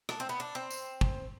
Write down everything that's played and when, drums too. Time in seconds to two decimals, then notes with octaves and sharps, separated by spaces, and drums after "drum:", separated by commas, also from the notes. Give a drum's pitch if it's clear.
0.09 D4, drum: rim click
0.20 C4
0.29 B3
0.40 D4
0.55 C4
0.70 drum: tambourine
1.01 drum: kick